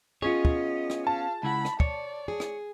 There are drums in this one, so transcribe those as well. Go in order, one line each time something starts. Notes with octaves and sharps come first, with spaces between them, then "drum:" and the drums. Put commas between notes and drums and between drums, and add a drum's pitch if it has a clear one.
B3 C#4 F4 G#4 C#5 D#5
drum: kick
drum: rim click
F5 A5
C#2 E4 F#5 B5
drum: rim click
C#5 D5, drum: kick
G#4
drum: rim click